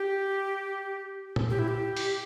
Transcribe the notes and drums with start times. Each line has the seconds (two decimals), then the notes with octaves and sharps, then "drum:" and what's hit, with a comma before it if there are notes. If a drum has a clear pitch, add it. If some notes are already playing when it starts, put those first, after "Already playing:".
Already playing: G4
1.36 drum: tom
1.50 G4
1.59 E4
1.68 G4
1.97 drum: open hi-hat